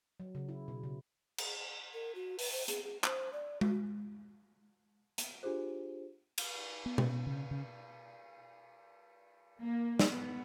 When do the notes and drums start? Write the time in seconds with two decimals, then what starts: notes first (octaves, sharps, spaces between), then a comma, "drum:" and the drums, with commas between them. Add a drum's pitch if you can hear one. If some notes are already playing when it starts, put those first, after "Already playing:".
0.20 F#3
0.35 C#3
0.49 E4
0.68 B2
0.83 C#3
1.38 drum: cymbal
1.94 A#4
2.15 F#4
2.39 B4, drum: open hi-hat
2.52 C5
2.68 G#4, drum: hi-hat
2.84 G#4
3.04 C5, drum: clap
3.33 D5
3.61 F#4, drum: tom G#3
5.18 drum: hi-hat
5.43 D4 F4 G4 G#4 C5
6.38 drum: cymbal
6.86 B3
6.98 drum: tom B2
7.27 C#3
7.51 C#3
9.61 A#3
9.99 drum: snare
10.09 B3